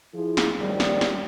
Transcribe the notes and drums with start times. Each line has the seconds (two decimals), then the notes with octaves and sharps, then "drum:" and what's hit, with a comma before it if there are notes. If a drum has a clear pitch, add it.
0.13 F3 E4 G#4
0.37 drum: snare
0.59 D#2 G#2 F#3 G3
0.80 drum: snare
1.01 drum: snare